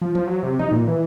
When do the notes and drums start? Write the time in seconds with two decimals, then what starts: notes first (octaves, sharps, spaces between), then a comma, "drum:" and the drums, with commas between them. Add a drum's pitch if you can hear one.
0.01 F3
0.15 F3, drum: tom E3
0.27 F#3
0.43 C3
0.59 D#4, drum: tom E3
0.72 A#2
0.88 E3